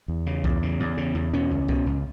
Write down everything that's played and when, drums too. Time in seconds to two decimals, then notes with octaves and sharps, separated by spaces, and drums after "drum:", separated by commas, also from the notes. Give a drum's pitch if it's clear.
0.08 E2
0.26 C#3
0.44 E2, drum: kick C2
0.63 C#3
0.80 E2
0.97 C#3
1.15 E2
1.33 B2 C#4
1.51 C#2
1.68 B2, drum: kick C2
1.86 C#2